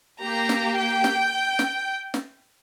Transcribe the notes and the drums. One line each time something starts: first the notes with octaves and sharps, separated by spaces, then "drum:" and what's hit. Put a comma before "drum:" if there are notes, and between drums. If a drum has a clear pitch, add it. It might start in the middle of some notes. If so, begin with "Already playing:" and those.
A#3 G4 A#5
drum: snare
G5
drum: snare
drum: snare
drum: snare